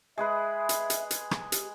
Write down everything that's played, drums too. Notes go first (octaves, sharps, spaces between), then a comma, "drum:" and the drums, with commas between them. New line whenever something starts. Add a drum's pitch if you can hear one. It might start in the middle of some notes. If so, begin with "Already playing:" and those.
G#3 G#4 B4 E5
drum: hi-hat
drum: hi-hat
drum: hi-hat
drum: rim click
G4, drum: hi-hat